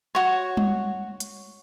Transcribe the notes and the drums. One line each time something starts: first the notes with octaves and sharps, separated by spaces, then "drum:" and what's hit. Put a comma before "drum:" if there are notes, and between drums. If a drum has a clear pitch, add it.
F#4 C#5
drum: tom G3
drum: hi-hat